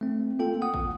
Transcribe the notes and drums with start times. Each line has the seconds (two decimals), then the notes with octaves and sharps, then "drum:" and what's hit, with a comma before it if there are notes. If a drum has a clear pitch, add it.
0.01 A3 C4
0.39 A#3 F4 A4 G5
0.62 F#5 D#6
0.74 drum: kick A1